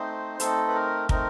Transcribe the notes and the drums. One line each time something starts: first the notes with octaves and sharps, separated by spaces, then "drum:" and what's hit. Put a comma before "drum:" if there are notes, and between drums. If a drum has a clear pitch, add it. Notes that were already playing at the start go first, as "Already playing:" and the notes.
Already playing: A3 C4 D#4 C5
A3 C4 D#4 A4, drum: hi-hat
B4
A#4
A3 C4 D#4 A#4, drum: kick